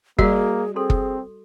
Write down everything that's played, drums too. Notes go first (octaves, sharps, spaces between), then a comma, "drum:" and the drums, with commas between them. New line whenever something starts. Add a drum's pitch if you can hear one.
G3 A#3 F#4 G#4 D5, drum: kick
C4 G#4 A4 C6
drum: kick